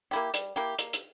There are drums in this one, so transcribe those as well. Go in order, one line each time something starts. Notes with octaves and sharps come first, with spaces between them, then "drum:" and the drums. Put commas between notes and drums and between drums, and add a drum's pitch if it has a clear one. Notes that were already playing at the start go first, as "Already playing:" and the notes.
A#3 E4 G4
G3, drum: hi-hat
A#3 E4 G4
A#3, drum: hi-hat
drum: hi-hat